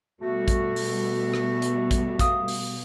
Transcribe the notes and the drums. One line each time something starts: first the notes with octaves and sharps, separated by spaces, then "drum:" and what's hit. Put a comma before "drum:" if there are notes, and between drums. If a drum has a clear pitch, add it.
B2 G3 A3 F#4
drum: kick, hi-hat
drum: open hi-hat
drum: rim click
drum: hi-hat
drum: kick, hi-hat
F5 D#6, drum: kick, hi-hat
drum: open hi-hat